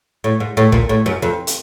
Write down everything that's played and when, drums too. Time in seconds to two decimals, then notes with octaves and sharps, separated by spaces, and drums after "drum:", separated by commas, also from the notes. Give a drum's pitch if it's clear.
0.24 A2
0.40 G#2
0.57 A2
0.72 A#2, drum: kick
0.89 A2
1.06 F#2
1.22 F2
1.47 drum: hi-hat